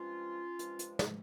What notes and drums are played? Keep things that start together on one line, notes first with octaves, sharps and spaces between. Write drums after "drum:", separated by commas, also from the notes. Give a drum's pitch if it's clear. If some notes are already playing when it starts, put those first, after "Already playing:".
Already playing: G2 F3 G#3 C#4 F4
G2 F3 G#3, drum: hi-hat
drum: hi-hat
drum: snare